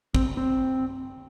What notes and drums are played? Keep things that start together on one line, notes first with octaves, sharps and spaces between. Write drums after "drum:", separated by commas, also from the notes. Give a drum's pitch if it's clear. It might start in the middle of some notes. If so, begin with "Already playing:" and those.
C4, drum: kick
C4